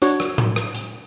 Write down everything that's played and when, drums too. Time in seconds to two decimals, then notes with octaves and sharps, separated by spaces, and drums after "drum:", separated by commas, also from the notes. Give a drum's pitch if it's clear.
0.02 D4 F#4 C#5, drum: hi-hat
0.20 drum: rim click
0.38 drum: tom A2
0.56 drum: rim click
0.74 drum: hi-hat